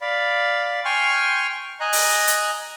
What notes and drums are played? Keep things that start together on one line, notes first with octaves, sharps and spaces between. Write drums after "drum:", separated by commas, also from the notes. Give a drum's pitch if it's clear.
D5 F5 B5
G5 G#5 C6 C#6 F6
D#5 G#5 A#5 F#6
drum: open hi-hat
drum: hi-hat